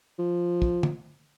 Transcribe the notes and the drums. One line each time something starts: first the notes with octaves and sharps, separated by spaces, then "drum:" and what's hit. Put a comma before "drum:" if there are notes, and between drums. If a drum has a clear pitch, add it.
F3
drum: kick
drum: tom